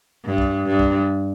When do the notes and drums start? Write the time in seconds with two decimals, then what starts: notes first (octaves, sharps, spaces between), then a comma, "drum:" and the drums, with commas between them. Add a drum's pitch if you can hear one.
0.25 G2
0.38 drum: kick
0.66 G2
0.79 drum: kick